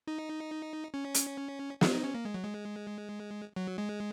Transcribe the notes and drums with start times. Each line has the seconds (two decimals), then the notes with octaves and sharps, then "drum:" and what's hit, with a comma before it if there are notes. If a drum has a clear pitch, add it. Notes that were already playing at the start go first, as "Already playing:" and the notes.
0.08 D#4
0.94 C#4
1.14 drum: hi-hat
1.81 F4, drum: snare
1.93 D#4
2.04 C#4
2.14 A#3
2.25 G#3
2.34 F#3
2.43 G#3
3.56 F#3
3.78 G#3